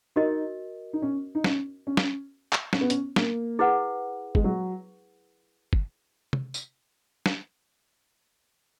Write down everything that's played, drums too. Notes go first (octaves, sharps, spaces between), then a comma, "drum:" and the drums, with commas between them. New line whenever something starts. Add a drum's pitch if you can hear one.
D#4 F#4 A#4 D#5
D#4
C#4
D#4
C#4, drum: snare
C#4
drum: snare
drum: clap
C#4, drum: snare
B3
C#4, drum: hi-hat
A#3, drum: snare
E4 G#4 B4 F#5
G#3, drum: kick
F#3
drum: kick
drum: tom
drum: tambourine
drum: snare